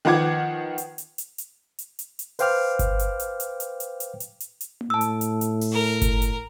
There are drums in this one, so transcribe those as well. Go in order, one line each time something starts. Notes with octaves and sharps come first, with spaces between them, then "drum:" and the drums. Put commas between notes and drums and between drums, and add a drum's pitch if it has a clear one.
D#3 F3 B3 F#5 D6 G#6
drum: hi-hat
drum: hi-hat
drum: hi-hat
drum: hi-hat
drum: hi-hat
drum: hi-hat
drum: hi-hat
B4 C5 F5 G5 D6 F6, drum: open hi-hat
drum: kick G1, hi-hat
drum: hi-hat
drum: hi-hat
drum: hi-hat
drum: hi-hat
drum: hi-hat
drum: hi-hat
drum: hi-hat
drum: hi-hat
drum: hi-hat
drum: tom A#3
A2 A5 E6
drum: hi-hat
drum: hi-hat
drum: hi-hat
drum: open hi-hat
A#4
drum: kick G1, hi-hat
drum: hi-hat